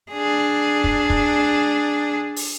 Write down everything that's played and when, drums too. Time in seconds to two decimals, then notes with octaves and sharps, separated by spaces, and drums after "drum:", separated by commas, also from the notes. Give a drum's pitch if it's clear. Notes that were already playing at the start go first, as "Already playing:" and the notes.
0.12 D4 G#4
0.84 drum: kick
1.10 drum: kick
2.36 drum: open hi-hat